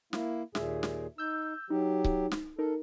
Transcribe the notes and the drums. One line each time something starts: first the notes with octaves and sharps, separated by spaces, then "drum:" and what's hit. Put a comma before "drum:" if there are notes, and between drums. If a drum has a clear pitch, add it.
A#3 E4, drum: snare
D#2 A#2 G#4 E5, drum: snare
drum: snare
D#4 E6 G6
F#3 D#4 G4
drum: kick C#1
drum: snare
D#4 A4 A#4